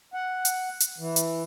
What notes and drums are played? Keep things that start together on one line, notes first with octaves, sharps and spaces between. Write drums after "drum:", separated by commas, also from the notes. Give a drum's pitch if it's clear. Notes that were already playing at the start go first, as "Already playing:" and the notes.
F#5
drum: hi-hat
drum: hi-hat
E3
drum: hi-hat